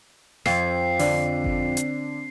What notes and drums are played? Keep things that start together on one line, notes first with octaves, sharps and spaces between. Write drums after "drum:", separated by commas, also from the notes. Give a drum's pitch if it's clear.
F2 C7, drum: snare
D3 D4, drum: open hi-hat
drum: kick G1
drum: hi-hat